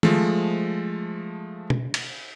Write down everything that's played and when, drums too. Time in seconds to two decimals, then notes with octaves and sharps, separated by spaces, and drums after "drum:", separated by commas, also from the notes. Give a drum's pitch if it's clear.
0.03 F3 G#3 A3, drum: tom D#3
1.70 drum: tom
1.94 drum: cymbal